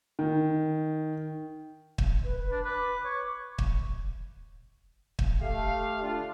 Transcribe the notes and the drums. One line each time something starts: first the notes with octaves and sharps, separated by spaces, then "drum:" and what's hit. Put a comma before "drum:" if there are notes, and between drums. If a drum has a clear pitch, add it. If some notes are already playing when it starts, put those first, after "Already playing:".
D#3
drum: kick
B4
B4
D4
B4 D6
C#5
drum: kick
drum: kick
A3 G4 F5
D3 D4 F4